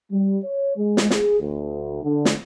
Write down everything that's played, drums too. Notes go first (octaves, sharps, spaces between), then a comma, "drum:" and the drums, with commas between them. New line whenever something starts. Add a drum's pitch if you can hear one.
G3
C#5
G#3
drum: snare
G#4, drum: snare
D2
D3
drum: snare